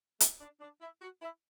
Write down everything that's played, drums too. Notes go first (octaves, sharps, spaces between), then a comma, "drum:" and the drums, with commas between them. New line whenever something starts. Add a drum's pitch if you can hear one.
A3, drum: hi-hat
D4
D4
E4
F#4
E4